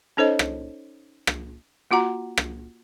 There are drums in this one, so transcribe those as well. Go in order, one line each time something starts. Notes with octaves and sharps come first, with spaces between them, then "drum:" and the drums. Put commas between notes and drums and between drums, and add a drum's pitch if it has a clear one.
C#4 D#4 A4 C5 C#5 D#5
drum: rim click
drum: rim click
A#3 F4 F#4 F#5 A#5
drum: rim click